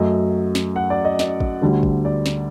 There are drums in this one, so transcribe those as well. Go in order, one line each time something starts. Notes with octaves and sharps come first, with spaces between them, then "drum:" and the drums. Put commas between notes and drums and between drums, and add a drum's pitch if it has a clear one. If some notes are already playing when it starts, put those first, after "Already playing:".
Already playing: F#2 F#3 A3 D#5
drum: snare
F#5
D5
D#5
D#5, drum: snare
drum: kick G#1
D2 D3 G3
drum: kick G#1
D5
drum: snare